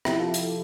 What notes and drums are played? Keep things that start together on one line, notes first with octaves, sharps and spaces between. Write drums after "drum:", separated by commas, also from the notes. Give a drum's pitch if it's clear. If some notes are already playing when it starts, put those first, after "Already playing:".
C3 F3 E4 G4, drum: rim click
F4 A4
drum: hi-hat